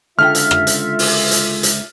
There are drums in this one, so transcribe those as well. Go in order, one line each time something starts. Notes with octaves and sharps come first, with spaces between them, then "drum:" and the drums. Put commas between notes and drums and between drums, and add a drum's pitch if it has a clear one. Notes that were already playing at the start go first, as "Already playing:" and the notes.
C#2 D3 F4 A4 E5 G5 F6
drum: hi-hat
drum: rim click
drum: hi-hat
drum: open hi-hat
drum: hi-hat
drum: hi-hat